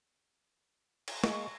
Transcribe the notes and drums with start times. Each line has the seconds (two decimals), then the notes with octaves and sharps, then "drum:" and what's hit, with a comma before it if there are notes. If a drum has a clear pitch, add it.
1.08 drum: cymbal
1.24 G#3 A#3 C#6, drum: snare